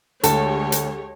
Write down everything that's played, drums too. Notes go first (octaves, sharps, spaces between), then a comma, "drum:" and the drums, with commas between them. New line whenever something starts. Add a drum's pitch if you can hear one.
D2 G#3 G4 A4 C#5, drum: hi-hat
drum: hi-hat